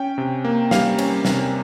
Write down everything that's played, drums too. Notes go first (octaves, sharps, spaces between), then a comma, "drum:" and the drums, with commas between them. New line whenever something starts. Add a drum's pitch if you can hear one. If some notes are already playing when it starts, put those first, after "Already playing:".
Already playing: C#4 G5
C3
A#3
G3 F5, drum: snare
C#4, drum: cymbal
C3, drum: snare